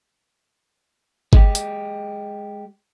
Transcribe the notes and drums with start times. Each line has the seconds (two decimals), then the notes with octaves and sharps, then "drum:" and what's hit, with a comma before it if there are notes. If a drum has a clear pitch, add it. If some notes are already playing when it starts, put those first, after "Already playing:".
1.33 G#3 G4, drum: kick G1
1.55 drum: hi-hat